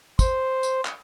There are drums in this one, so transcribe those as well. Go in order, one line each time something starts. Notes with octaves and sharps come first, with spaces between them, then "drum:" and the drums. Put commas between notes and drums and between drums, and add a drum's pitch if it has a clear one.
C5, drum: kick, tambourine
drum: tambourine
drum: clap